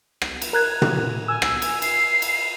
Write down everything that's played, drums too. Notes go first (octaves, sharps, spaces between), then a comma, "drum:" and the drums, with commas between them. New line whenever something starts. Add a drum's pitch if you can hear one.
drum: rim click
drum: cymbal
A#4 F#6 G#6
drum: tom
G#5 E6
drum: rim click
drum: cymbal
C7, drum: cymbal
drum: cymbal